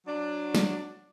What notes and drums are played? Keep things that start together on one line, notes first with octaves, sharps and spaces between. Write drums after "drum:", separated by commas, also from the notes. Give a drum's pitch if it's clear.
F#3 D4
drum: snare